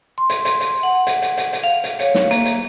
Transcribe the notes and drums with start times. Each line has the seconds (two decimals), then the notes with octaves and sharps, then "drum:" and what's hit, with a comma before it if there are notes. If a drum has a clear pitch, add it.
0.18 C6
0.30 drum: hi-hat
0.45 drum: hi-hat
0.60 drum: hi-hat
0.83 F#5
1.07 drum: hi-hat
1.22 drum: hi-hat
1.37 drum: hi-hat
1.53 drum: hi-hat
1.64 F5
1.84 drum: hi-hat
1.99 C#5, drum: hi-hat
2.15 drum: snare
2.31 A#3, drum: hi-hat
2.45 drum: hi-hat